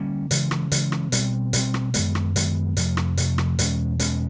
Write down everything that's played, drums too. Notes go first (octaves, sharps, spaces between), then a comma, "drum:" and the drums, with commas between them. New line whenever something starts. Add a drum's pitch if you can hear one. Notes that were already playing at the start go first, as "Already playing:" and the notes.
Already playing: D3 G3 A#3 C#4
C#3 E3 G#3, drum: hi-hat
drum: rim click
C#3 E3 G#3, drum: hi-hat
drum: rim click
B2 G3 C4, drum: hi-hat
B2 G3 C4, drum: hi-hat
drum: rim click
F#2 D#3 G#3 B3, drum: hi-hat
drum: rim click
F#2 D#3 G#3 B3, drum: hi-hat
F2 C3 F3 A3, drum: hi-hat
drum: rim click
F2 C3 F3 A3, drum: hi-hat
drum: rim click
E2 B2 G#3 C#4, drum: hi-hat
E2 B2 G#3 C#4, drum: hi-hat